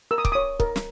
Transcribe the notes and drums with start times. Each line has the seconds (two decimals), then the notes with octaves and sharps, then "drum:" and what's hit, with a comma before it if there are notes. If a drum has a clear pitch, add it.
0.11 A#4 E6
0.18 D#6
0.25 D6, drum: kick
0.32 C#5 D#6
0.60 A#4, drum: kick
0.76 drum: snare